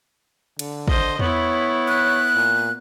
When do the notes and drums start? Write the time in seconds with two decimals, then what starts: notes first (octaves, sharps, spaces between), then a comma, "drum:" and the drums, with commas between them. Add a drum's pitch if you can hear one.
0.59 D3, drum: cymbal
0.88 C5 D#5, drum: kick
1.19 B3 E4 C#5, drum: tom E2
1.88 F#6
2.35 A#2